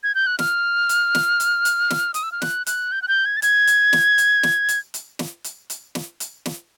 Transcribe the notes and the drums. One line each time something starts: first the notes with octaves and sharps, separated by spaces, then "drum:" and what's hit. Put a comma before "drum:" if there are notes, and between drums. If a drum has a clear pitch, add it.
G#6
G6
F#6
F6, drum: snare
drum: hi-hat
drum: snare
drum: hi-hat
drum: hi-hat
drum: snare
D#6, drum: hi-hat
E6
F6
F#6, drum: snare
F#6, drum: hi-hat
G6
F#6
G6
G#6
A6
G#6, drum: hi-hat
drum: hi-hat
drum: snare
drum: hi-hat
drum: snare
drum: hi-hat
drum: hi-hat
drum: snare
drum: hi-hat
drum: hi-hat
drum: snare
drum: hi-hat
drum: snare